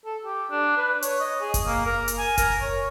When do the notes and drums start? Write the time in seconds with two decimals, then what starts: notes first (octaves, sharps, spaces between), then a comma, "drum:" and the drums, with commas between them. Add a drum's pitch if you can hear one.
0.06 A4
0.25 G4
0.51 D4
0.77 B4
1.02 C#5, drum: hi-hat
1.20 D#5
1.41 G#4
1.54 drum: kick F#1, hi-hat
1.66 A#3
1.86 A#4
2.08 drum: hi-hat
2.18 G#5
2.38 A#4, drum: kick F#1, hi-hat
2.62 C#5